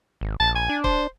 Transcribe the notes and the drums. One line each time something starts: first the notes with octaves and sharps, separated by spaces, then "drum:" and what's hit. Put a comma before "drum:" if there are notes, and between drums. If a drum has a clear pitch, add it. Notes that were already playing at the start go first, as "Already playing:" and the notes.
G#1
A#1 A5
G#5
D4
C5, drum: kick